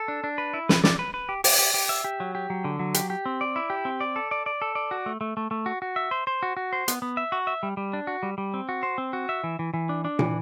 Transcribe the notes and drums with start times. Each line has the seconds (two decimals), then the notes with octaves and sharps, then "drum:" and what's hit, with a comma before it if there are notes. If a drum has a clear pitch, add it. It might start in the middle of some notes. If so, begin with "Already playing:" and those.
Already playing: A4
0.08 D4
0.24 D4
0.38 B4
0.54 E4
0.69 B4, drum: snare
0.84 D5, drum: snare
0.99 B4
1.14 B4
1.29 G4
1.44 G4, drum: open hi-hat
1.59 G4
1.74 G4
1.89 E5
2.04 G4
2.20 F#3
2.35 G4
2.50 F#3
2.64 D3
2.79 F#3
2.94 G4, drum: hi-hat
3.10 G4
3.26 C4
3.41 D5
3.56 E4
3.70 G4
3.85 C4
4.01 D5
4.16 A4
4.31 D5
4.46 D5
4.62 A4
4.75 D5
4.91 F#4
5.06 A3
5.21 A3
5.37 A3
5.51 A3
5.66 F#4
5.82 F#4
5.96 E5
6.11 C5
6.27 C5
6.43 F#4
6.57 F#4
6.73 C5
6.88 B3, drum: hi-hat
7.02 B3
7.17 E5
7.32 F#4
7.47 E5
7.63 G3
7.77 G3
7.93 D4
8.07 F#4
8.23 G3
8.38 G3
8.54 C4
8.69 F#4
8.83 C5
8.98 C4
9.13 F#4
9.29 E5
9.44 E3
9.59 E3
9.74 E3
9.89 D4
10.05 D4
10.19 E3, drum: tom